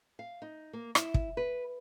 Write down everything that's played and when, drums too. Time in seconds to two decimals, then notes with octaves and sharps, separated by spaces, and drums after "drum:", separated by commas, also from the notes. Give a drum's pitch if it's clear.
0.19 F5
0.42 D#4
0.73 A#3
0.95 E4, drum: rim click
1.14 drum: kick
1.37 B4